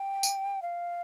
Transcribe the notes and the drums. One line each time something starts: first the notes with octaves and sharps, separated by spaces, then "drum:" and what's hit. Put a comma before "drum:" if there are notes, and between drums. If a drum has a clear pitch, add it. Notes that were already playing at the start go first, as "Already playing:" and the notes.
Already playing: G5
drum: tambourine
F5